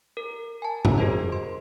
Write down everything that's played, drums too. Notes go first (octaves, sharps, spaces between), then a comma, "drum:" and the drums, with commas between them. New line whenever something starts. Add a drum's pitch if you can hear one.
A#4
G#5 A5
drum: tom F2
F#4 G#4 A#4 C5 D#5
C6